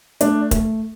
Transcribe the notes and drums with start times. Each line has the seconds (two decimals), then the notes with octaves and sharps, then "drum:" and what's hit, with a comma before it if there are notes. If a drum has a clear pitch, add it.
0.21 A3 D4, drum: hi-hat
0.51 A3, drum: kick, hi-hat